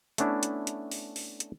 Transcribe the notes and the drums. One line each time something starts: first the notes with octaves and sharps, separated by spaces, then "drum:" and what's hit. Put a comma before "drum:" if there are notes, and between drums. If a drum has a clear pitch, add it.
A3 B3 C#4 D4 E4, drum: hi-hat
drum: hi-hat
drum: hi-hat
drum: open hi-hat
drum: open hi-hat
drum: hi-hat